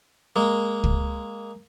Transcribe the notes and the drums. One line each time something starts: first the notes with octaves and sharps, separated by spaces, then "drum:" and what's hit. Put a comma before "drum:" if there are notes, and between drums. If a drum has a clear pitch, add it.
G#3 A#3
drum: kick